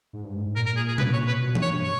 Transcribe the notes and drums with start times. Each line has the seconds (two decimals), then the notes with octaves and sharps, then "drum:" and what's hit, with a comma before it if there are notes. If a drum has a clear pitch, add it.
0.13 G#2
0.24 G2
0.35 G#2
0.46 G#2
0.56 A#2 A#4
0.66 A#4
0.77 G#4
0.88 G#4
0.98 B4, drum: tom B2
1.13 C#5
1.27 B4
1.40 B2
1.55 A#2, drum: tom E3
1.62 C#5
1.69 G2
1.84 C#5